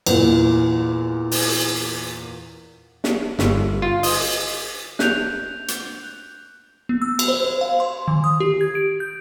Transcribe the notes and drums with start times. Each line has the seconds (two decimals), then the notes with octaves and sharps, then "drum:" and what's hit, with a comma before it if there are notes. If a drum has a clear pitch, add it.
0.06 E2 A#2, drum: cymbal
1.31 drum: open hi-hat
3.04 drum: snare
3.39 G1, drum: snare
3.82 F4
4.03 D#5, drum: open hi-hat
4.99 F#6 G6 F7, drum: snare
5.68 drum: hi-hat
6.89 B3
7.02 E6
7.19 drum: cymbal
7.28 C5
7.44 C5
7.61 F5
7.80 C6
8.08 D#3
8.24 D#6
8.40 G4
8.61 G#6
8.75 D7
9.00 G6